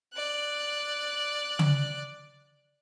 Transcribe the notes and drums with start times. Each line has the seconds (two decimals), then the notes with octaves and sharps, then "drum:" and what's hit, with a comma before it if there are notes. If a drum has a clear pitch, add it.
0.14 D5 F#6
1.59 drum: tom C#3